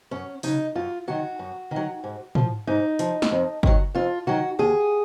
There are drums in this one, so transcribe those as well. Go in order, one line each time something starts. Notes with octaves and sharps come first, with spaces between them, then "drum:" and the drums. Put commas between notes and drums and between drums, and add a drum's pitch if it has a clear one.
F#2 C#4
C#3 F#3 D#4, drum: open hi-hat
F#2 F4
D#3 F#3 F#4
F#2
D#3
F#3
G#2
F3, drum: tom
G#2 D#4
F3, drum: hi-hat
drum: snare
F2
D#3 F#3, drum: kick
F2 F4
D#3 F#3 F#4
D#2 G#4